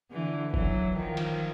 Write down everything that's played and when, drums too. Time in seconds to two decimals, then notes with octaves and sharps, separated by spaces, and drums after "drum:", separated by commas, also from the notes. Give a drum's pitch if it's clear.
0.12 D3 E3
0.54 E3 F#3, drum: kick
0.96 D#3 F3
1.17 drum: cymbal